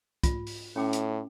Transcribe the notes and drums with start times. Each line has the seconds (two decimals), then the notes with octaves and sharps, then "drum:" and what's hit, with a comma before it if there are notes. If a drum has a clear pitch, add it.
0.23 F4, drum: kick, hi-hat
0.47 drum: open hi-hat
0.76 A2 C#4 G5 D6
0.93 drum: hi-hat